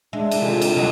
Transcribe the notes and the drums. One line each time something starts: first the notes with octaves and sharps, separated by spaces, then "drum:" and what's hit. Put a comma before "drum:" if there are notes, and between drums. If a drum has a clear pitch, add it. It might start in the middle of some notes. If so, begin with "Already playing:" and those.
G#3 D4 E5
drum: cymbal
C3 F4 A4 G#5
drum: cymbal
D3 F#3 G3 D#5